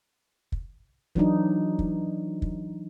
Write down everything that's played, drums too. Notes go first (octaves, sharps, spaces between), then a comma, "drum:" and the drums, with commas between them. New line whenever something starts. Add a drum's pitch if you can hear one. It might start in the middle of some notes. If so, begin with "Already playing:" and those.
drum: kick
E3 F#3 D4 D#4, drum: kick
drum: kick
drum: kick